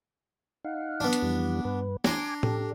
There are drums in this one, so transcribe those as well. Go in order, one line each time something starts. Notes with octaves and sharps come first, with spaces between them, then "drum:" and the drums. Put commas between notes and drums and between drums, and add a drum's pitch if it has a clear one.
D#4 F5 F#5
B3 D4
drum: hi-hat
F2 E3 G3
G2 B4
D4 G#5 A#5 C6 D6, drum: snare
G4 A4, drum: tom A2